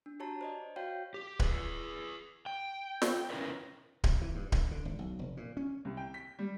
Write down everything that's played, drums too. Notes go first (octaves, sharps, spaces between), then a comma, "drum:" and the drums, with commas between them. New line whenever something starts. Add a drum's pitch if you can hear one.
D4
F#4 G4 C#5 A5 A#5
C5 D5 D#5
F#4 C#5 F5 G5 G6
G4
G#4 B4, drum: kick D1
G5
drum: snare
C#4 E4 F4 A#4 B4 C#5
C3, drum: kick D1
E3
G2
D3, drum: kick D1
D3
G#1
B1
F1
A#2
C#4
C2
G5
B6
G3